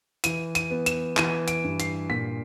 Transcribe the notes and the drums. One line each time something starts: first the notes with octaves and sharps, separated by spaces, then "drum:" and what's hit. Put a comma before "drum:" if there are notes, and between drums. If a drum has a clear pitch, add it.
E3 D#7, drum: hi-hat
D#7, drum: hi-hat
B3
E7, drum: hi-hat
E3 D#7, drum: clap
D7, drum: hi-hat
G2
C7, drum: hi-hat
A#2 B6